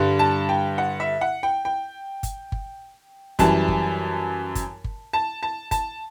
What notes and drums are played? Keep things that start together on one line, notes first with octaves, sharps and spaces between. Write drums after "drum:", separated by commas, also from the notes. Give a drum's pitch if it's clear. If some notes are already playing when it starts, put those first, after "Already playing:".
Already playing: G2 D3 G3
A5
G5
F#5
E5
F#5
G5
G5
drum: kick G1, hi-hat
drum: kick G1
F#2 E3 G3 A5, drum: kick G1, hi-hat
drum: kick G1
drum: kick G1, hi-hat
drum: kick G1
A5
A5
A5, drum: kick G1, hi-hat